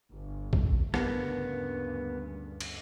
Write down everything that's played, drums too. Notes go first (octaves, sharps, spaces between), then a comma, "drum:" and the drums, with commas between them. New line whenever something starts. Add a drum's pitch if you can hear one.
G1
drum: kick A#1
D2 G2 C#3 A#3 B3, drum: rim click
drum: cymbal